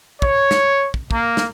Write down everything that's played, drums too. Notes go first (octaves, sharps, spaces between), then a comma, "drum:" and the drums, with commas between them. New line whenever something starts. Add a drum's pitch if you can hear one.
C#5, drum: kick
drum: snare
drum: kick
A#3, drum: kick
drum: snare